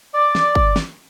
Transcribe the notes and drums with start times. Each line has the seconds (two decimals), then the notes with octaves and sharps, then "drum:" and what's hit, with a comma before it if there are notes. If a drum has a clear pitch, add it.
0.14 D5
0.35 drum: snare
0.55 drum: kick
0.76 drum: snare